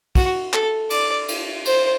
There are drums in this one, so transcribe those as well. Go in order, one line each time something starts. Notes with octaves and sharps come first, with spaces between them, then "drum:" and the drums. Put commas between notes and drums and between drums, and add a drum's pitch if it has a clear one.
F#4, drum: kick, cymbal
A4, drum: clap
D5, drum: cymbal
drum: cymbal
C5, drum: cymbal